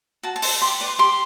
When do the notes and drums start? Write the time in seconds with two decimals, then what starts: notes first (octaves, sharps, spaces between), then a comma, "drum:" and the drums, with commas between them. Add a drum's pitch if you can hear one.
0.23 F#4 A5
0.36 A5
0.42 A4 C5, drum: open hi-hat
0.61 G4 C6
0.80 B4 D5
0.87 C6
0.99 G4 C6